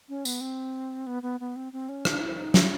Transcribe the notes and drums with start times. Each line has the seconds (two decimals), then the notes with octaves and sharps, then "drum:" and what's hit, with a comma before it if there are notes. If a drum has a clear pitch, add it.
0.09 C#4
0.25 B3, drum: tambourine
0.41 C4
1.07 B3
1.23 B3
1.40 B3
1.56 C4
1.73 C4
1.89 C#4
2.05 D4, drum: rim click
2.21 E4
2.38 D#4
2.54 E4, drum: snare